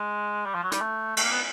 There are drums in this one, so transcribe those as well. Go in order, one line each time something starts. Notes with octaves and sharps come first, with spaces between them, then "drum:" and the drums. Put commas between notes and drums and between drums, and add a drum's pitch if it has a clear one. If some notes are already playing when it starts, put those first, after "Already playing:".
Already playing: G#3
G3
F3
F#3
G3, drum: hi-hat
A3
A3, drum: cymbal
A#3
B3